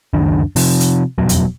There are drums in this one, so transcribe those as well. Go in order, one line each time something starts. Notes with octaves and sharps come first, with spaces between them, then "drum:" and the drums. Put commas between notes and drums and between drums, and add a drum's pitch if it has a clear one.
C#2 F#2 D#3 D4
C3 F3, drum: open hi-hat
drum: hi-hat
E1 F2 B2 F#3
drum: hi-hat